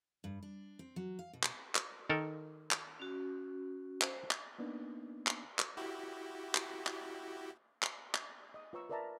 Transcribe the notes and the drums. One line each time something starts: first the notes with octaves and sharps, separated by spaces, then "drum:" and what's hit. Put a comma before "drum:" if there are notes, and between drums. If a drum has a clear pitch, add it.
G2
D4
C4
F#3
F5
B2
drum: clap
drum: clap
D#3 A4 A#4
drum: clap
C#4 F#4
C5, drum: clap
drum: clap
A#3 B3 D4 D#4
drum: clap
drum: clap
E4 F#4 G4
drum: clap
drum: clap
drum: clap
drum: clap
D#5 D#6
F4 B4 C#5 A#5 C#6 E6
A#4 B4 D5 E5 A5 A#5